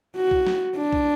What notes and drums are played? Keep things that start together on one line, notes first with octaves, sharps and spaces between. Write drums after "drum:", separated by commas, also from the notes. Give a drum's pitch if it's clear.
F#4
drum: kick B1
drum: snare
D4
drum: kick B1